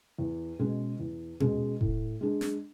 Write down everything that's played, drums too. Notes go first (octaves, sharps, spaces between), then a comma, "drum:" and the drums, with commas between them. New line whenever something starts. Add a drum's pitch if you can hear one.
E2
B2 G#3 C#4 G#4
E2
B2 G#3 C#4 G#4, drum: tom A#2
A2, drum: kick E1
G#3 D4 G#4
drum: snare